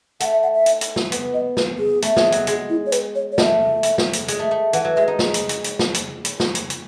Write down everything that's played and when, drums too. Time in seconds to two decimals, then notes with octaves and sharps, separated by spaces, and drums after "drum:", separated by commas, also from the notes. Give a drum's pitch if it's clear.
0.20 A3 F#5, drum: hi-hat
0.32 E5
0.43 F#5
0.55 E5
0.66 drum: hi-hat
0.81 drum: hi-hat
0.96 drum: snare
1.12 B3, drum: hi-hat
1.34 D#5
1.57 B4, drum: snare
1.79 G#4
2.02 A3, drum: hi-hat
2.17 G#3, drum: snare
2.32 F#3, drum: hi-hat
2.47 G#3 G#4, drum: hi-hat
2.70 E4
2.86 C#5
2.92 B4, drum: hi-hat
3.15 C#5
3.32 C#5
3.38 A3 D#5, drum: snare
3.61 E5
3.83 drum: hi-hat
3.98 drum: snare
4.13 drum: hi-hat
4.28 G#3, drum: hi-hat
4.39 A3
4.51 A3
4.73 E3 F#5, drum: hi-hat
4.85 F#3
4.97 G#3 E5
5.08 D#4
5.19 drum: snare
5.34 drum: hi-hat
5.49 drum: hi-hat
5.64 drum: hi-hat
5.79 drum: snare
5.94 drum: hi-hat
6.25 drum: hi-hat
6.40 drum: snare
6.55 drum: hi-hat
6.70 drum: hi-hat